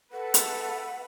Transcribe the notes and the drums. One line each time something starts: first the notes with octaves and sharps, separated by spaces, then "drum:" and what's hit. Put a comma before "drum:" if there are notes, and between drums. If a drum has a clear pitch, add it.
A4 B4 E5 F#5 B5
drum: hi-hat